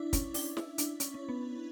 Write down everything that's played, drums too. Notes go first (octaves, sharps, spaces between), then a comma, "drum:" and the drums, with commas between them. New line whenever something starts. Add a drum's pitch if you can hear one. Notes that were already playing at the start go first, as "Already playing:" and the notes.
Already playing: D4 E4
C#4, drum: kick, hi-hat
D4, drum: open hi-hat
E4, drum: snare
D4, drum: hi-hat
C#4, drum: hi-hat
C#4
B3